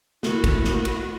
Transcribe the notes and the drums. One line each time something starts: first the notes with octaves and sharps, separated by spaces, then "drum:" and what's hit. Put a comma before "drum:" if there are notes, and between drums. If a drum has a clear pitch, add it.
A3 E4 F#4, drum: snare
drum: kick, cymbal
drum: snare
drum: cymbal